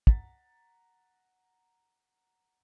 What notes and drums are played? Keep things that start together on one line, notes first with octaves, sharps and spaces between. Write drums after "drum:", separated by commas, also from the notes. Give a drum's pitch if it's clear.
F#5 A#5 A6 B6, drum: kick